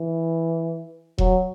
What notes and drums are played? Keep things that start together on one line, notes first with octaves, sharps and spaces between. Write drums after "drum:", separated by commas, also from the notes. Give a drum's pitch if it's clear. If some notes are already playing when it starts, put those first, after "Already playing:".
Already playing: E3
F#3, drum: kick E1